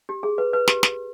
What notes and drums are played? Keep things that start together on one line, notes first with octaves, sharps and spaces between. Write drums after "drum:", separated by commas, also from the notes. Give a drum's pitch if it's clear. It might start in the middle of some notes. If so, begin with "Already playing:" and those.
G4
G#4
B4
B4
G4, drum: snare
drum: snare